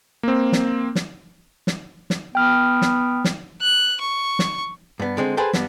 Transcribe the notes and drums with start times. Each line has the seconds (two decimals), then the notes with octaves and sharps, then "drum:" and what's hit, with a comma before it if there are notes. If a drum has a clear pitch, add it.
0.23 A#3 C4
0.53 drum: snare
0.95 drum: snare
1.67 drum: snare
2.10 drum: snare
2.35 B3 G5 F6
2.82 drum: snare
3.24 drum: snare
3.61 F#6
4.00 C#6
4.39 drum: snare
5.00 G2 B3
5.17 D3 G#3 C4
5.37 G#4 A4 B4 C5 G5
5.53 G2 B3, drum: snare